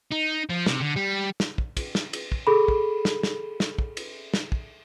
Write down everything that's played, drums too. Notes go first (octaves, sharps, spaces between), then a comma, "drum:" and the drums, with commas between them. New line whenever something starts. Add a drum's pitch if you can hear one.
D#4
F3
C3, drum: snare
D3
G3
drum: snare
drum: kick
drum: kick, cymbal
drum: snare
drum: cymbal
drum: kick
G#4 A4 B5
drum: kick
drum: snare
drum: snare
drum: snare
drum: kick
drum: cymbal
drum: snare
drum: kick